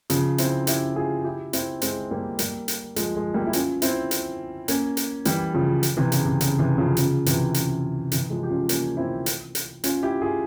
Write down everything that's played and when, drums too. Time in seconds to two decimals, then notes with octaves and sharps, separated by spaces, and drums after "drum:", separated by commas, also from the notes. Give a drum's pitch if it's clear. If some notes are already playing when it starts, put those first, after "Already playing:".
0.10 C#3 F3, drum: hi-hat
0.38 C4 E4, drum: hi-hat
0.67 E4 G4, drum: hi-hat
0.96 F4 G#4
1.24 E4 G4
1.53 C4 E4, drum: hi-hat
1.82 G#3 C4, drum: hi-hat
2.11 G3 A#3
2.39 G3 A#3, drum: hi-hat
2.68 drum: hi-hat
2.96 F3 G#3, drum: hi-hat
3.16 F3 G#3
3.34 G3 A#3
3.47 E4
3.53 C#4 F4, drum: hi-hat
3.82 C4 E4, drum: hi-hat
4.11 drum: hi-hat
4.68 A#3 C#4, drum: hi-hat
4.97 drum: hi-hat
5.25 E3 G3, drum: hi-hat
5.54 C#3 F3
5.83 drum: hi-hat
5.97 C3 E3
6.12 C#3, drum: hi-hat
6.25 C3
6.41 C#3, drum: hi-hat
6.58 C3 E3
6.78 C#3 F3
6.97 C#3 F3, drum: hi-hat
7.26 C3 E3, drum: hi-hat
7.54 drum: hi-hat
8.12 C3 E3, drum: hi-hat
8.30 F3 G#3
8.43 G4
8.49 C#4 F4
8.69 A#3 C#4, drum: hi-hat
8.97 C4 E4
9.26 drum: hi-hat
9.55 drum: hi-hat
9.84 C#4 F4, drum: hi-hat
10.03 E4 G4
10.21 F4 G#4